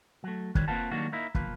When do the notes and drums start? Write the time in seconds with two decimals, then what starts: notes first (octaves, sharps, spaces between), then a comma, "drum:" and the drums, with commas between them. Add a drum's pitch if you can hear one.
0.24 F#3 A3
0.55 D#3 G3 B4 C#5, drum: kick
0.68 A#3 C4 F4 B4 F#5 A5
0.92 D#3 F#3 G3 A#3 D4 F#4
1.12 A#3 D#4 E4
1.35 B1 F3 A#3 B4, drum: kick